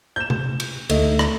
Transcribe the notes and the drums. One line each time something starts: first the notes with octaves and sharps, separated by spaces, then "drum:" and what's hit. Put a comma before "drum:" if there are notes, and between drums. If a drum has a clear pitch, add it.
G6 E7
drum: tom C3
drum: cymbal
D2 A3 D#4, drum: cymbal
drum: rim click